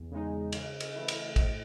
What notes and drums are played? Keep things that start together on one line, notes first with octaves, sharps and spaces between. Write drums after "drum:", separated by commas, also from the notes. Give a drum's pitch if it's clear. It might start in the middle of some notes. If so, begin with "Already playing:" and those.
Already playing: E2
C#3 G#3 D#4
C#3, drum: cymbal
drum: cymbal
E3 A3 E4
drum: cymbal
A2, drum: kick, cymbal